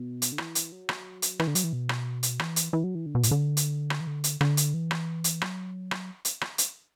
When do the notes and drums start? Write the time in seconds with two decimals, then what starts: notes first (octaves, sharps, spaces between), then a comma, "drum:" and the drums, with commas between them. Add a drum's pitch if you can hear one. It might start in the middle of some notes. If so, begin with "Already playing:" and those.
Already playing: B2
0.22 drum: hi-hat
0.32 D3
0.38 E3, drum: rim click
0.55 drum: hi-hat
0.72 F#3
0.89 drum: rim click
1.22 drum: hi-hat
1.39 E3, drum: rim click
1.47 D3
1.55 F#3, drum: hi-hat
1.64 E3
1.73 B2
1.89 drum: rim click
2.23 drum: hi-hat
2.39 E3, drum: rim click
2.56 drum: hi-hat
2.73 E3
2.84 F#3
2.95 E3
3.06 D3
3.15 B2
3.23 A2, drum: hi-hat
3.28 B2
3.31 D3
3.57 drum: hi-hat
3.90 drum: rim click
4.00 E3
4.07 D3
4.24 drum: hi-hat
4.41 D3, drum: rim click
4.57 drum: hi-hat
4.74 E3
4.91 drum: rim click
5.24 drum: hi-hat
5.41 F#3, drum: rim click
5.91 drum: rim click
6.25 drum: hi-hat
6.41 drum: rim click
6.58 drum: hi-hat